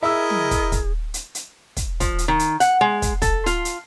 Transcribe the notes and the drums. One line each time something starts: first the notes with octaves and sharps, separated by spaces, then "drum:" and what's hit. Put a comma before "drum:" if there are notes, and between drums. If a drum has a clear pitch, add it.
E4 G#4 A#4 D#5 E5 E6
drum: tom
drum: kick, hi-hat
drum: kick, hi-hat
drum: hi-hat
drum: hi-hat
drum: kick, hi-hat
F3, drum: kick, hi-hat
drum: hi-hat
D#3
drum: hi-hat
F#5, drum: hi-hat
G#3
drum: kick, hi-hat
A4, drum: kick, hi-hat
F4, drum: hi-hat
drum: hi-hat